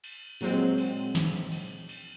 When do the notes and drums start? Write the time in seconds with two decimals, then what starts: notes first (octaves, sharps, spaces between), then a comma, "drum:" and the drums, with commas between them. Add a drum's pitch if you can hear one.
0.04 drum: cymbal
0.41 A#2 F#3 G#3 C4, drum: cymbal
0.78 drum: cymbal
1.15 drum: snare
1.52 drum: cymbal
1.89 drum: cymbal